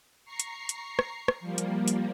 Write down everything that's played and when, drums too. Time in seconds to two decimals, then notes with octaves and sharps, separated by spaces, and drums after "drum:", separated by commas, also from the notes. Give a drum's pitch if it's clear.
0.25 A#5 C#6 C7
0.40 drum: hi-hat
0.69 drum: hi-hat
0.99 drum: rim click
1.28 drum: rim click
1.40 F3 G3 A#3
1.58 drum: hi-hat
1.88 drum: hi-hat